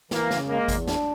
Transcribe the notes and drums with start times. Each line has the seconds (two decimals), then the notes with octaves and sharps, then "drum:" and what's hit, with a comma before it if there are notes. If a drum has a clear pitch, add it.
0.11 E3 A#3, drum: snare
0.31 C#3, drum: snare
0.49 G#3 A#3
0.68 E2, drum: kick G#1, hi-hat
0.88 D4, drum: snare